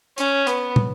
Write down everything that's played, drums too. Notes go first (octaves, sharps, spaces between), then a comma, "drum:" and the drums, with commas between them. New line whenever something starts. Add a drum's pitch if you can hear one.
C#4, drum: hi-hat
B3, drum: hi-hat
drum: tom